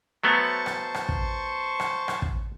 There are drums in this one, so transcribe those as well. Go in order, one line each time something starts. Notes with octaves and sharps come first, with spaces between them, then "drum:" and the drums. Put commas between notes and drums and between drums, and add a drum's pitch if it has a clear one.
F#3 A3 B3 C5 A5 C#6
drum: rim click
drum: rim click
drum: kick
drum: rim click
drum: rim click
drum: kick